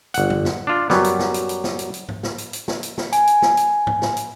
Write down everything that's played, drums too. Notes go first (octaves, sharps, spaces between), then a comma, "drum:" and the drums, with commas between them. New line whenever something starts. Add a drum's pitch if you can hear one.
G1 F#5, drum: hi-hat
drum: tom F#2
drum: snare
D4 F4
F#2 F#3 G3 B3, drum: snare
drum: hi-hat
drum: snare
drum: hi-hat
drum: hi-hat
drum: snare
drum: hi-hat
drum: hi-hat
drum: tom
drum: snare
drum: hi-hat
drum: hi-hat
drum: snare
drum: hi-hat
drum: snare
G#5, drum: hi-hat
drum: hi-hat
drum: snare
drum: hi-hat
drum: tom
drum: snare
drum: hi-hat